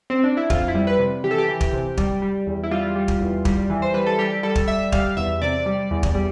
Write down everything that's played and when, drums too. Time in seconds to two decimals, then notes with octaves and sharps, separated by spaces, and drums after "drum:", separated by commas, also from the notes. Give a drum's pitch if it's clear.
0.10 C4
0.24 D4
0.37 E4
0.50 F2 F4, drum: kick
0.68 E4
0.75 G3
0.87 B4
0.99 C3
1.24 E3 G4
1.31 A4
1.38 G4
1.48 E3
1.61 drum: kick
1.73 C3
1.97 G3, drum: kick
2.22 G3
2.47 E2
2.63 E4
2.71 G3 F4
2.96 G3
3.08 drum: kick
3.21 E2
3.45 G3, drum: kick
3.70 E3
3.82 C5
3.94 G3 B4
4.06 A4
4.18 G3 G4
4.43 G3 A4
4.55 drum: kick
4.68 G3 E5
4.92 G3 F5, drum: kick
5.17 E2 E5
5.41 C3 D5
5.66 G3
5.91 E2
6.03 drum: kick
6.15 G3